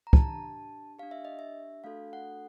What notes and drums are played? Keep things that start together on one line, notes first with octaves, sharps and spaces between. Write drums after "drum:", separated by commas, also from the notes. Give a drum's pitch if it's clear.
A#5
D4 G4 A5, drum: kick
D4 G4 F5
E5
D#5
E5
A3 D4 F#4 A4 F5
F#5